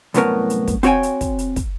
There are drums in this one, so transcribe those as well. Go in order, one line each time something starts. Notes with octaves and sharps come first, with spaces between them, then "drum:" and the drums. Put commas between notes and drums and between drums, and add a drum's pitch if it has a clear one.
C2 F#2 A2 B3 C#4 A#4, drum: hi-hat
drum: hi-hat
drum: kick, hi-hat
C4 F#4 C#5 G5 G#5, drum: hi-hat
drum: hi-hat
drum: kick, hi-hat
drum: hi-hat
drum: kick, hi-hat